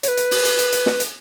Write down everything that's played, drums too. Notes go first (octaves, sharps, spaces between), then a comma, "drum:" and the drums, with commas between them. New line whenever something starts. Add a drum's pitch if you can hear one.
C#5, drum: hi-hat
B4
drum: hi-hat
drum: open hi-hat
drum: hi-hat
drum: hi-hat
drum: hi-hat
drum: snare
drum: hi-hat